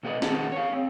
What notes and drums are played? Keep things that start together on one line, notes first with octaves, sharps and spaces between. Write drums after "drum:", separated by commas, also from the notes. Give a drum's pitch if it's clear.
B2 B3 G#4 D5 D#5
B2 D#3 G#4 F#5 A5 A#5, drum: snare
C#5 F5
C4